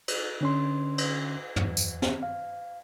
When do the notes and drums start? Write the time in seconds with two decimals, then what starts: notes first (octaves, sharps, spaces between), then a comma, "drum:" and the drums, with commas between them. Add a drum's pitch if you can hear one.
0.08 drum: cymbal
0.41 D3 C#4 C6
0.98 drum: cymbal
1.56 E2, drum: tom
1.77 drum: tambourine
2.02 drum: snare
2.23 F5